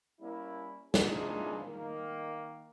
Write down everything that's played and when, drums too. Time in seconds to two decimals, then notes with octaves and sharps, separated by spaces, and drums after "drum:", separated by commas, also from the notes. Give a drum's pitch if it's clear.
0.21 G3 A#3 C#4 E4
0.94 C3 E3 D4 D#4 F4 G#4, drum: snare
1.66 D#3 A#3